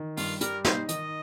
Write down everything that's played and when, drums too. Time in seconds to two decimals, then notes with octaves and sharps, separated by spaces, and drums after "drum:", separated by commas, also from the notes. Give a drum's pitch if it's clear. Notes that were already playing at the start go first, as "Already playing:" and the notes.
Already playing: D#3
0.17 G2 F4, drum: open hi-hat
0.41 G3 A#4, drum: hi-hat
0.65 D#4 C5, drum: snare
0.89 D#3 D#5, drum: hi-hat